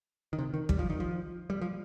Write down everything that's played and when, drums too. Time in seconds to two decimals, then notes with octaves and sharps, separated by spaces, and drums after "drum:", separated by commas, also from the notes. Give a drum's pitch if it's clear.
0.33 D#3
0.39 C3
0.54 D#3
0.69 G3, drum: kick
0.79 F3
0.90 D#3
1.00 F3
1.50 G3
1.61 F3